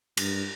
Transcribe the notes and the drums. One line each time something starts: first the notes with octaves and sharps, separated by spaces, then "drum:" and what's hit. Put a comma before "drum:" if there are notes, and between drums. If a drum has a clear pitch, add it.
G2, drum: cymbal